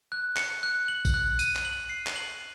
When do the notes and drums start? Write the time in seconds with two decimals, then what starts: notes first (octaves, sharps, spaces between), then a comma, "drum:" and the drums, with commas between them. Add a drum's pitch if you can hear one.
0.12 F#6
0.37 C#7, drum: clap
0.63 F#6
0.88 F#7
1.05 drum: kick A#1, tambourine
1.14 F#6
1.39 D#7, drum: tambourine
1.56 drum: clap
1.65 F#7
1.89 C7
2.07 drum: clap
2.16 F#7